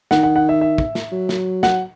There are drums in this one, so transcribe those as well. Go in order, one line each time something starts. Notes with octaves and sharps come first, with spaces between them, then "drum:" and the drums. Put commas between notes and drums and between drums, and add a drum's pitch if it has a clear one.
D#3 F#5, drum: snare
F#5
F#5
E5
E5
drum: kick
drum: snare
F#3
drum: snare
F#5, drum: snare